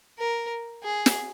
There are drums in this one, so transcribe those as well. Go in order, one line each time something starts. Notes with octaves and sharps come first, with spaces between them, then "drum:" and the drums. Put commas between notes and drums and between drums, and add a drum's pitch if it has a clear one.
A#4
G#4
drum: snare